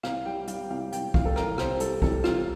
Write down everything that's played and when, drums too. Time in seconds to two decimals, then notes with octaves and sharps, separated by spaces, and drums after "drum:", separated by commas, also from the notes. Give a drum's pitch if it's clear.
0.03 C2 F5, drum: rim click
0.26 G3 G5
0.47 G3 F5, drum: hi-hat
0.70 C2 F5
0.92 C2 G5, drum: hi-hat
1.14 C2 F5, drum: kick
1.25 A4
1.36 C2 A#4, drum: rim click
1.58 C3 C5, drum: rim click
1.80 G3 A4, drum: hi-hat
2.02 C2 A4, drum: kick
2.24 C3 F4, drum: rim click